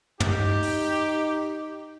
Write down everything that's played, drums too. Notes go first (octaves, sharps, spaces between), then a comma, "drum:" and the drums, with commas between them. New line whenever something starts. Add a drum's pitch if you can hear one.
D#4 G4, drum: tom
drum: open hi-hat